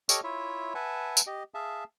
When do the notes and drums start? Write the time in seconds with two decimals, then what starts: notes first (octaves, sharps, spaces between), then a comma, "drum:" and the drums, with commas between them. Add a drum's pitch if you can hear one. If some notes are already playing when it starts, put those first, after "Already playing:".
0.09 G4 A4 C#5 D#5 C#6 F6, drum: tambourine
0.24 E4 F4 C#5 E5
0.75 B4 E5 F#5 G#5 A5
1.17 drum: tambourine
1.27 G4 D#5
1.54 G#4 E5 F5 A5